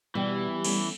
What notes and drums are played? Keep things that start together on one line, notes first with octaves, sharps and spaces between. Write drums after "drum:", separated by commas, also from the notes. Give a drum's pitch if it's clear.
B2 E3 G3
A3 B3 C#4, drum: cymbal